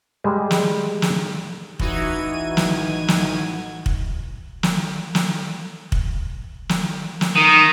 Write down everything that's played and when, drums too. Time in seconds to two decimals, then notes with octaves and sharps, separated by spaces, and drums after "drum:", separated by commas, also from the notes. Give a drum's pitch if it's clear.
0.24 G3 G#3
0.51 drum: snare
1.02 drum: snare
1.80 A1 E3 D#4 F#4 G#6 D#7, drum: kick
2.57 drum: snare
3.08 drum: snare
3.86 drum: kick
4.63 drum: snare
5.15 drum: snare
5.92 drum: kick
6.69 drum: snare
7.21 drum: snare
7.35 D#3